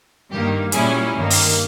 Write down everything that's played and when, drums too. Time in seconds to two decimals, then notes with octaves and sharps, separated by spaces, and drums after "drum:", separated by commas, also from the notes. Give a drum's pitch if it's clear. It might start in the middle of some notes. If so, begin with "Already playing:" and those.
0.31 G2 D#3 A#3 G4
0.72 A#2 G3 C#4 E4 G#4, drum: hi-hat
1.15 G2 D#3 A#3
1.30 drum: open hi-hat